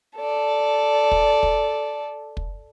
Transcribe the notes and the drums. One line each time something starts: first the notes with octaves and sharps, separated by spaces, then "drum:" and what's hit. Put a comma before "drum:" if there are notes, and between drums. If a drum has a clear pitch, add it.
A4 D5
drum: kick
drum: kick
drum: kick